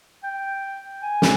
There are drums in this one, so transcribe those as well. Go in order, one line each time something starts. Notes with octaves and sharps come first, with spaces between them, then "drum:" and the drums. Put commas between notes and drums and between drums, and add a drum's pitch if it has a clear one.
G5
G#5
drum: snare